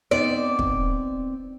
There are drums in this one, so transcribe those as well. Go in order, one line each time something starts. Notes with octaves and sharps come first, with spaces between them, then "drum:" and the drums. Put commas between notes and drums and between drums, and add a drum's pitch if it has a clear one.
B3 C4 D#4 D5
drum: kick